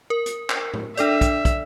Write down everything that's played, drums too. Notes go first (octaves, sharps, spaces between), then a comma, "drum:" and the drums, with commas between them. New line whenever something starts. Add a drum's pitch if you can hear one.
A#4
drum: hi-hat
drum: clap
drum: tom A2
D4 A4 D5 E5, drum: hi-hat
drum: kick, hi-hat
drum: kick, hi-hat